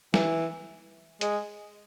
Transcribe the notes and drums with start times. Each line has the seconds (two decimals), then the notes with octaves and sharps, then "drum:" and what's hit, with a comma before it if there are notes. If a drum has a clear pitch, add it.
0.14 E3, drum: snare
1.21 G#3, drum: hi-hat